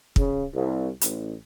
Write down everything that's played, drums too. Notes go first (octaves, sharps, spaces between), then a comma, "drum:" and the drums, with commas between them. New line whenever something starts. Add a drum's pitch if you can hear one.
C#3, drum: kick
C2
A1, drum: hi-hat